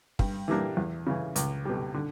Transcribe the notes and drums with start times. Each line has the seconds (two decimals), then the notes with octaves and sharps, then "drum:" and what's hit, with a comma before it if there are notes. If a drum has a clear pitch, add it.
0.19 G2, drum: kick
0.48 E3 G3 A#3 D4
0.77 E2
1.07 C#3 E3
1.36 C#2, drum: hi-hat
1.65 B2 G3
1.94 D3